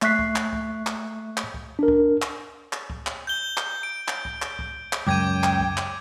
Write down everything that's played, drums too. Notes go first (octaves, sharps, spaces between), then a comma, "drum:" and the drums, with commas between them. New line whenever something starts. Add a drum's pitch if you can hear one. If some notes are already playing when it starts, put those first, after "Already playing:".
A3 E5 C#6 F#6 B6 C7, drum: clap
drum: kick C#2
drum: clap
drum: kick C#2
drum: clap
drum: clap
drum: kick C#2
D4 A#4
drum: kick C#2
drum: clap
drum: clap
drum: kick C#2
drum: clap
G6 G7
drum: clap
D7
drum: clap
drum: kick C#2
drum: clap
drum: kick C#2
drum: clap
C#2 F#2 G5 D6 G#6 D#7
drum: clap
drum: kick C#2
drum: clap